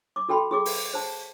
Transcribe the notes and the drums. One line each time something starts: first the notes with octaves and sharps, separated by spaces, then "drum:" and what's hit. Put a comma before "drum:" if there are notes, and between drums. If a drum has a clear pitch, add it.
D6
F#4 A4 G5 B5 C6
G4 G#4 D6
drum: open hi-hat
C5 A5